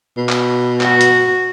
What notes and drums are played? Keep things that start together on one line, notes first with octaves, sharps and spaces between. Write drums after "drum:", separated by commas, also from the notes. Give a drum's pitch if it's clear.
B2
drum: clap
F#4, drum: clap
drum: hi-hat